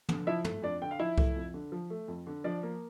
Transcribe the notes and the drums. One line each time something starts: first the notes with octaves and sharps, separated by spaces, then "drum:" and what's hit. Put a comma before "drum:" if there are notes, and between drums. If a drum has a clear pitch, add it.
D3, drum: tom
F3 E4 E5
A3, drum: tom
F2 D4 D5
D3 G5
F5
F3 E4 E5
A3, drum: kick C2
F2
D3
F3
A3
F2
D3
F3 D4 D5
A#3